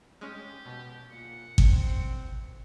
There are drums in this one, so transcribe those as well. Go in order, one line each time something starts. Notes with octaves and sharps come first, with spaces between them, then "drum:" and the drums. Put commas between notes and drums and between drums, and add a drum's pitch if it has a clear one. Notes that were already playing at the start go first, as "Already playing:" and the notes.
G#3 C#4 G4
B2
A#2 F#5
C4, drum: kick G#1